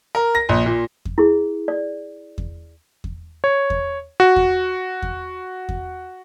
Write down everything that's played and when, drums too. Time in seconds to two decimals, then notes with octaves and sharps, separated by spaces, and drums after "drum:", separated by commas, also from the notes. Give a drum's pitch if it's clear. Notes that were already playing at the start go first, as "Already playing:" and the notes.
0.15 A#4
0.35 A#6
0.49 A#1
0.66 A#2
1.05 drum: kick E2
1.18 E4 G#4
1.68 D5
2.38 drum: kick E2
3.04 drum: kick E2
3.44 C#5
3.70 drum: kick E2
4.20 F#4
4.36 drum: kick E2
5.02 drum: kick E2
5.69 drum: kick E2